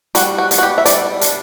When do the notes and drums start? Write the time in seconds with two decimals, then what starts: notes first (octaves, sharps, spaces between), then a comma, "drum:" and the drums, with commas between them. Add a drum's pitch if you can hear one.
0.15 G3 F#4, drum: hi-hat
0.38 F#4
0.51 B3, drum: hi-hat
0.58 F#4
0.63 G4
0.78 E5
0.86 G3 D5, drum: hi-hat
1.21 D4, drum: hi-hat